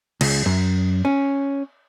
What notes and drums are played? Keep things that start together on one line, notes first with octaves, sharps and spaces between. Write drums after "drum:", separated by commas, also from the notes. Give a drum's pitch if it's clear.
C#2, drum: cymbal
F#2
C#4